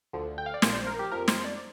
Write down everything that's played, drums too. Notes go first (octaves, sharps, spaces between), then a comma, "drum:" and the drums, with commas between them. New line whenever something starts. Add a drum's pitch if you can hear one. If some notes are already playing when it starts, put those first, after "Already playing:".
D2 D3 F3
G5
F5
D5
A#1 A#2 F3 C5, drum: snare
D5
C5
A#4
G4
F2 F3 A#4
C5, drum: snare
D5